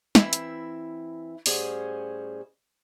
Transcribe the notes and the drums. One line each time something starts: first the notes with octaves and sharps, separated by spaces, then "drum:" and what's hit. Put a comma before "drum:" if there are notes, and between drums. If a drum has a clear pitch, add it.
E3 C4 E4 E5, drum: snare
drum: hi-hat
A2 G3 C#4 G#4 C5 F#5, drum: open hi-hat